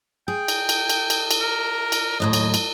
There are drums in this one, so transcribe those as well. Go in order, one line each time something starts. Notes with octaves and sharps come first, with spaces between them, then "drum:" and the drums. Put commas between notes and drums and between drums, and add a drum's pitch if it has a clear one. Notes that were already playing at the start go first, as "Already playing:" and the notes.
G#4 G5
drum: cymbal
drum: cymbal
drum: cymbal
drum: cymbal
drum: cymbal
A#4
drum: cymbal
D#2 A2 F#3 D#5
drum: cymbal
drum: cymbal